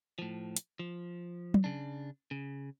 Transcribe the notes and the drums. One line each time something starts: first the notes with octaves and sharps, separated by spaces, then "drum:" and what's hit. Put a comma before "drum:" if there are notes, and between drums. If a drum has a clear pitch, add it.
A2 F3
drum: hi-hat
F3
drum: tom F#3
C#3 D4
C#3